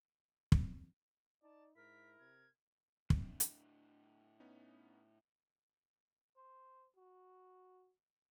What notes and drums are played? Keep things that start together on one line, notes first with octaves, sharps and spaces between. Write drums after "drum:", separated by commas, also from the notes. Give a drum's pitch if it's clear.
drum: kick
D#4 D5 A5
G#2 E4 A#4 B6
C3 G#6
A2 D4, drum: kick
drum: hi-hat
B3 C#4 D#4
C5
F#4